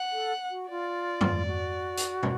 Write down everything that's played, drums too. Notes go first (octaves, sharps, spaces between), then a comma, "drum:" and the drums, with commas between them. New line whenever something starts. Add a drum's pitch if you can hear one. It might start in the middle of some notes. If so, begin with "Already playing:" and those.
Already playing: F#5
A4
F#4
F4 D5
drum: tom F2
F#4
drum: hi-hat
drum: tom